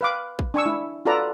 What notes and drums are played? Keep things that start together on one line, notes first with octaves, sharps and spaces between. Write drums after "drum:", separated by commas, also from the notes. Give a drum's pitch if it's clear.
B4 F5 D6
drum: kick
D4 G#5 C#6 E6
E4, drum: tom
F4 F#4 A4 B4 D5 A#5